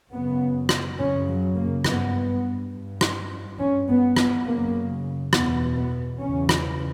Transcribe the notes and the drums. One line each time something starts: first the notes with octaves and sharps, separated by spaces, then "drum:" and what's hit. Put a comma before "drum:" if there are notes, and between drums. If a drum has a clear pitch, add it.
F#2 C#3 B3
drum: rim click
F#2 C#3 C#4
F#3
A#3
G2 B3, drum: rim click
G2
drum: rim click
G2 C#4
B3
B3, drum: rim click
F#2 C#3 A#3
E2 B2 B3, drum: rim click
B3
E2 C#3 C#4
drum: rim click